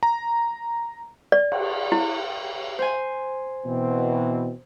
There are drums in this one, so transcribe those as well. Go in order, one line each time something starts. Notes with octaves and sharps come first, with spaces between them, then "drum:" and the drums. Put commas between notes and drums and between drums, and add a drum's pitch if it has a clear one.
A#5
D5
drum: cymbal
E4
C5 G#5
B2 E3 C4